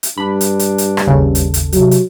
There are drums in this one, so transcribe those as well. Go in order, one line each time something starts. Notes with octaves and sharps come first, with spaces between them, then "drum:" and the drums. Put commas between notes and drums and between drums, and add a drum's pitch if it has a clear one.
drum: hi-hat
G2 D4 B5
drum: hi-hat
drum: hi-hat
drum: hi-hat
drum: rim click
G#1 D#2 C#3 A4
drum: hi-hat
drum: hi-hat
C3 F#3, drum: hi-hat
drum: hi-hat